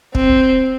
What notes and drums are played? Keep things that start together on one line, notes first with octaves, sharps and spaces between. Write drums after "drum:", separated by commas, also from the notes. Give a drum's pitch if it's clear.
C4, drum: kick